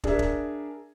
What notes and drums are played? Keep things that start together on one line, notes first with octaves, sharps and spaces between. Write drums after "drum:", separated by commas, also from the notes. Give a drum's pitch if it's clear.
D4 G#4 A#4 E5, drum: kick
drum: kick